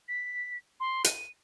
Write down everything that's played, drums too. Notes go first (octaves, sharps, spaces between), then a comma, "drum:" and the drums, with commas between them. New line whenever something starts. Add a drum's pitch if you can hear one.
B6
C6
D#7, drum: hi-hat